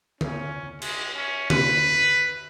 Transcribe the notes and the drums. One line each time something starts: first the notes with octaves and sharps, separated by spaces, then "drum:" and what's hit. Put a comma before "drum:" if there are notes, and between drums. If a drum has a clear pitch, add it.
C#4, drum: tom D3
G#3, drum: cymbal
C#4
B4, drum: tom D3